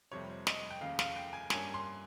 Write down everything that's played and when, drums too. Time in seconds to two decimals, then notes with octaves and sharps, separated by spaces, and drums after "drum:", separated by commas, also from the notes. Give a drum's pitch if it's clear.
0.11 F1 F2 C3 G3 C4 C#5
0.47 D#5, drum: snare
0.70 G5
0.81 F1 D#2 C#3 F5
0.99 F5, drum: snare
1.16 G5
1.33 G#5
1.50 G2 G3 A#3 C#4 G#5, drum: snare
1.74 C6